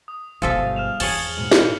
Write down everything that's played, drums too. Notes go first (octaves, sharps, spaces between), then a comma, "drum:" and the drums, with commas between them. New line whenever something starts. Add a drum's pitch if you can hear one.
D#6
G1 G#2 B2 F3 A4 E5 F5 G#5
F6 E7 F7
E2 G#4 C#5 A5 C#7 F#7 G7, drum: cymbal
G#2 B2
drum: snare